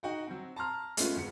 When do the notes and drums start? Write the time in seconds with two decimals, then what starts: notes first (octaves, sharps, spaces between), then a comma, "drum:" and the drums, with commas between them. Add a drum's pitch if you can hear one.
0.03 D#4 F#4 F#5 G5
0.27 F#3 C4
0.56 A5 A#5 C6 F6
0.97 G#3 A3 B3 C#4 F4 B4, drum: hi-hat
1.16 F#1 F#3 C#7